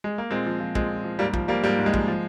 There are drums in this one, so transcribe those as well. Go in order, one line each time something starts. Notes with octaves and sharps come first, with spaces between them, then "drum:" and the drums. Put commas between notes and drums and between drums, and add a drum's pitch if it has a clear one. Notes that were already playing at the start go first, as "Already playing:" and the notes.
G#3
A#3
A#2 G#3 C4
F3
F3
A#2 G#3 C4, drum: kick
A#2
F3
G#2 G3 A#3
F3, drum: kick
F3 G3 A#3
G#2 G3 A#3
G#2
G#3
F3, drum: kick
F3